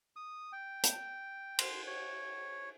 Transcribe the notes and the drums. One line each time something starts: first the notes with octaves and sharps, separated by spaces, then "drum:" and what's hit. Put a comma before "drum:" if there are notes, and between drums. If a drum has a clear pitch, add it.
D#6
G5
drum: hi-hat
C6, drum: cymbal
C#5